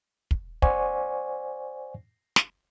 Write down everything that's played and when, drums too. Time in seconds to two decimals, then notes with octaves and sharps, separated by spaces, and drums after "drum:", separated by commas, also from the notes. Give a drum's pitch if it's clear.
0.31 drum: kick
0.62 C5 D5 F#5 G#5 C#6, drum: kick
2.36 drum: snare